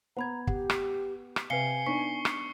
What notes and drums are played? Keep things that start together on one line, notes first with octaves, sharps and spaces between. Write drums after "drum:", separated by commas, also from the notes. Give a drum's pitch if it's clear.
B3 F#5 A#5 B5 G#6
G4 F#5, drum: kick
drum: rim click
drum: rim click
C3 B4 F5 G#5 C7 C#7 G7
B3 D4 D#4 C#6 B6
drum: rim click